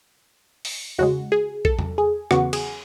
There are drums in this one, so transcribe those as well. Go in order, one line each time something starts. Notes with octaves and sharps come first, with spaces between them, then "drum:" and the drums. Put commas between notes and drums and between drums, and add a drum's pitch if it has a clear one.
drum: open hi-hat
E2 C#3 G#3 F#4
G#4
A4, drum: kick A#1
drum: tom E2
G#4
E2 C#3 F#3 B3 F#4, drum: rim click
G#4, drum: cymbal